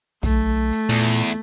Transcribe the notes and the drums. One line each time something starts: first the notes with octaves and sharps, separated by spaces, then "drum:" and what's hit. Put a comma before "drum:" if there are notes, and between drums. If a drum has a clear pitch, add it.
B1 A3, drum: kick, hi-hat
drum: hi-hat
E2 A#2
drum: open hi-hat